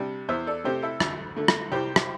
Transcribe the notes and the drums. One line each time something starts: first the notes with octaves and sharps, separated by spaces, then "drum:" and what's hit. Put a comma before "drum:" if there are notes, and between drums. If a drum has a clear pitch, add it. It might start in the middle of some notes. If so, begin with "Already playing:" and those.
Already playing: C3 G3 D4
E2 C5 E5
A4 D5
C3 A3 G4 C5
E4 A4
D2, drum: rim click
D3 A3
drum: rim click
C2 G4 C5
drum: rim click